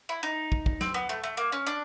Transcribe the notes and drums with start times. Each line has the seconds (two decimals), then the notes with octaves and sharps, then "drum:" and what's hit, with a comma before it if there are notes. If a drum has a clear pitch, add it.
0.09 E4
0.23 D#4
0.52 drum: kick
0.66 drum: kick
0.81 C4, drum: snare
0.94 B3
1.09 A3
1.24 A3
1.37 A#3
1.52 C#4
1.67 D4